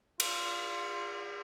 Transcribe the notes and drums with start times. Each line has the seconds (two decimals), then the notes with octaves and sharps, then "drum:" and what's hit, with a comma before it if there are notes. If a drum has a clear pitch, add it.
0.20 F4, drum: cymbal